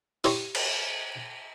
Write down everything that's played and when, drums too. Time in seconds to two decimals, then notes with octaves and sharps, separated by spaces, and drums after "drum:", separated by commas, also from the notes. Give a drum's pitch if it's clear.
0.24 E4 G4 C5 C#5 A#5 C6, drum: open hi-hat
0.55 drum: cymbal